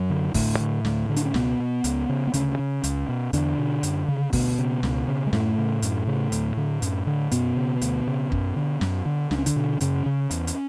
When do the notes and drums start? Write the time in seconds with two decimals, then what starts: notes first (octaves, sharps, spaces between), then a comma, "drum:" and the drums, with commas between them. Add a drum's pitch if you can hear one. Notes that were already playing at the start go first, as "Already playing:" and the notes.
Already playing: F#2 F#3
0.10 D3
0.34 D2 A2 A3, drum: kick, open hi-hat
0.60 D3
0.85 D2, drum: snare
1.09 D3
1.16 D4, drum: hi-hat
1.25 C#4
1.34 C#2 B2 B3, drum: snare
1.60 B2
1.84 C#2, drum: hi-hat
2.09 C#3
2.27 B3
2.34 D2 C#3 C#4, drum: hi-hat
2.59 C#3
2.84 C#2, drum: hi-hat
3.09 B2
3.33 E2 D3 D4, drum: hi-hat
3.58 B2
3.83 F#2, drum: hi-hat
4.08 C#3
4.33 D2 B2 B3, drum: kick, open hi-hat
4.58 C#3
4.83 C#2, drum: snare
5.08 C#3
5.27 G#3
5.33 F#2 A2 A3, drum: snare
5.58 C#3
5.82 F#2, drum: hi-hat
6.07 C#3
6.32 D2, drum: hi-hat
6.57 D3
6.82 F#2, drum: hi-hat
7.07 D3
7.31 F#2 B2 B3, drum: hi-hat
7.57 C#3
7.81 D2, drum: hi-hat
8.07 C#3
8.32 F#2, drum: kick
8.56 D3
8.81 F#2, drum: snare
9.06 D3
9.31 C#2 D4, drum: snare
9.38 C#4
9.46 D3 D4, drum: hi-hat
9.56 B2
9.81 F#2 C#3 C#4, drum: hi-hat
10.06 C#3
10.31 E2, drum: hi-hat
10.47 drum: hi-hat